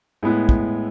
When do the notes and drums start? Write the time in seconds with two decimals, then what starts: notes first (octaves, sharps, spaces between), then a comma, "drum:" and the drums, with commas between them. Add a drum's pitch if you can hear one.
0.23 A2 G#3 B3 E4
0.49 drum: kick